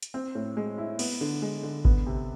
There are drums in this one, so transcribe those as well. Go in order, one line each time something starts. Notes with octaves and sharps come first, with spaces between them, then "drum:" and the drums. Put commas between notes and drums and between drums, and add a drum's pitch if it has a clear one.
drum: hi-hat
C4
A2
G#3
E4
B3, drum: cymbal
D3
G#3
D3
B3, drum: kick G#1
C3